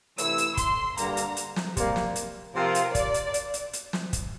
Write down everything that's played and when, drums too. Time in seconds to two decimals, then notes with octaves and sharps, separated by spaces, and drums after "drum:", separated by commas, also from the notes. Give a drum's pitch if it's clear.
0.18 C3 E3 A3 E4 E6, drum: hi-hat
0.38 drum: hi-hat
0.57 C6, drum: kick, hi-hat
0.97 G2 D3 G3 A#3 A#5, drum: hi-hat
1.17 drum: hi-hat
1.37 drum: hi-hat
1.56 drum: snare
1.77 C3 G3 A#3, drum: kick, hi-hat
1.96 drum: snare
2.16 drum: hi-hat
2.55 C3 F3 C4 F4 A#4
2.75 drum: hi-hat
2.95 D5, drum: kick, hi-hat
3.14 drum: hi-hat
3.34 drum: hi-hat
3.54 drum: hi-hat
3.73 drum: hi-hat
3.93 drum: snare
4.13 drum: kick, hi-hat